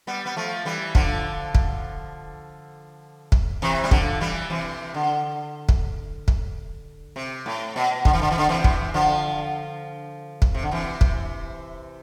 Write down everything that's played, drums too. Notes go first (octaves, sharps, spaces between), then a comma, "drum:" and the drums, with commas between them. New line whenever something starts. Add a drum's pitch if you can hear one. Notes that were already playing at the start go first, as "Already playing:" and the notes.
G3 B3
B3
F3 A3
E3 G3
D3 F3, drum: kick
drum: kick
drum: kick
C3 E3
G3
D3 F3, drum: kick
E3 G3
C3 E3
D3
drum: kick
drum: kick
C3
A2
B2
D3, drum: kick
E3
D3
E3
D3
C3 E3
drum: kick
D3 F3
drum: kick
C3
D3
C3 E3
drum: kick